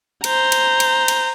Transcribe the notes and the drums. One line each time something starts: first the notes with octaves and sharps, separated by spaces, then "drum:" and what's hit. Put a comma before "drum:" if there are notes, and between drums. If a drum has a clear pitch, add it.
C5 A#5, drum: cymbal
drum: cymbal
drum: cymbal
drum: cymbal